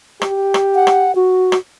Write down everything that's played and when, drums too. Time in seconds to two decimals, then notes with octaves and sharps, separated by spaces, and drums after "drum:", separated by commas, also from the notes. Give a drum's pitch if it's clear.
0.22 G4, drum: rim click
0.54 drum: rim click
0.75 F#5
0.87 drum: rim click
1.15 F#4
1.52 drum: rim click